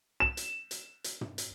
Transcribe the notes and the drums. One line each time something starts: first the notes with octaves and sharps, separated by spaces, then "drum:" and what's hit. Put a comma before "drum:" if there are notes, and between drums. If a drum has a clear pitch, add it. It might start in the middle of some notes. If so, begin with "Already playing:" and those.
E7
drum: hi-hat
drum: hi-hat
drum: hi-hat
drum: tom
drum: hi-hat